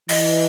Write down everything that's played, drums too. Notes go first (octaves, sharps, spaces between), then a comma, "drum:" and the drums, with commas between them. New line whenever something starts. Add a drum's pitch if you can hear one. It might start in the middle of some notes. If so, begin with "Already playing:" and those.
E3 D#5, drum: open hi-hat